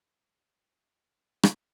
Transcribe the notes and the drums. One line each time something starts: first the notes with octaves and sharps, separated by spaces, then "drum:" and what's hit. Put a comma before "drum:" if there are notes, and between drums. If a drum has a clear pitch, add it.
G#5
C5
F6
drum: rim click
F#3 G3 A#3 C#4 C5